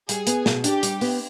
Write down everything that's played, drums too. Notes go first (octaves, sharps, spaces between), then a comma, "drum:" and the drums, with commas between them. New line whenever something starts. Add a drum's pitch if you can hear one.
G3 G#4, drum: hi-hat
B3, drum: hi-hat
B2, drum: snare
D4 G4, drum: hi-hat
G3, drum: hi-hat
B3, drum: open hi-hat